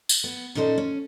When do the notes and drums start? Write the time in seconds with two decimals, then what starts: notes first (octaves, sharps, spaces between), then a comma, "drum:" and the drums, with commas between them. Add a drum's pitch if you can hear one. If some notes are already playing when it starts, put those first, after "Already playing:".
0.09 drum: tambourine
0.24 B3
0.55 A#2 C#4 D#4 A4 A#4 C5
0.78 C#4